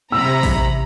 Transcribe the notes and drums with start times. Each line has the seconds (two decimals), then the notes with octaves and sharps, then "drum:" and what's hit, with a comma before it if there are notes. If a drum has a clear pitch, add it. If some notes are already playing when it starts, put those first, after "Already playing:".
0.12 C3 A#5 B5 E6
0.43 drum: kick A1, open hi-hat